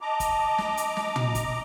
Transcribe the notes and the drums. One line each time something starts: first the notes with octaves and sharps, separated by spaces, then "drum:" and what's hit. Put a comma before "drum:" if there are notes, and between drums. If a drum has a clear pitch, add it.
D#5 A5 A#5 D6
drum: kick, hi-hat
drum: snare
drum: hi-hat
drum: snare
drum: tom
drum: kick, hi-hat